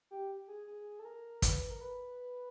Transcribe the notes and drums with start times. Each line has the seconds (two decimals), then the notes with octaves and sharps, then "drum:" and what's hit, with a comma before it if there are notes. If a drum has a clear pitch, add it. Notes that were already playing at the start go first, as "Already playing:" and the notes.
0.11 G4
0.48 G#4
0.67 G#4
0.99 A4
1.05 A#4
1.42 B4, drum: kick, hi-hat
1.70 A#4
1.81 B4